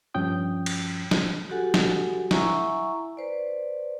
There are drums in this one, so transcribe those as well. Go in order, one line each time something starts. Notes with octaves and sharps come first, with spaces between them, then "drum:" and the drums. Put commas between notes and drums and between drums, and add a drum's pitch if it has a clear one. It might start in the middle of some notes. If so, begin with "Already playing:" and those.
G2 F3 C#4 G5 D#6
drum: cymbal
drum: snare
F#4 G4 A4 F#5 G#5
drum: snare
E4 E5 F#5 G#5 A#5 C#6, drum: snare
B4 C5 D5